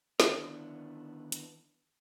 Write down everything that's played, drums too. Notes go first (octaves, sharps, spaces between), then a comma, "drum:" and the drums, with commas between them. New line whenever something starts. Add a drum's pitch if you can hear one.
D3 D#3 B3 D4 E4, drum: snare
drum: hi-hat